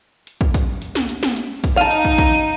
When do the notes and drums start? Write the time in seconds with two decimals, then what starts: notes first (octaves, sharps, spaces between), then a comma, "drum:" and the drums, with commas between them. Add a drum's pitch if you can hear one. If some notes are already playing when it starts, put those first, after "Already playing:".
0.27 drum: hi-hat
0.41 drum: kick
0.54 drum: kick, hi-hat
0.82 drum: hi-hat
0.95 drum: snare
1.09 drum: hi-hat
1.23 drum: snare
1.36 drum: hi-hat
1.64 drum: kick, hi-hat
1.77 D#4 F5 A5 D#7
1.91 drum: hi-hat
2.05 drum: kick
2.18 drum: kick, hi-hat